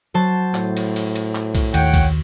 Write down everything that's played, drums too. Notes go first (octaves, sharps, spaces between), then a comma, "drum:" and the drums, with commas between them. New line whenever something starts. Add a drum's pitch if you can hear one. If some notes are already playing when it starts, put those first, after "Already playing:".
F#3 C5 A5
A2, drum: clap
drum: cymbal
drum: cymbal
drum: cymbal
drum: clap
drum: kick B1, cymbal
D#2 C#5 F#5 G5, drum: cymbal
drum: kick B1, cymbal